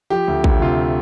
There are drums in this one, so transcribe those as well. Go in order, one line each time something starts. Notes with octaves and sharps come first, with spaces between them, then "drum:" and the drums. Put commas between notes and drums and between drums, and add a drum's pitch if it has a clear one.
F3 G4
D2
D2, drum: kick
C3 F4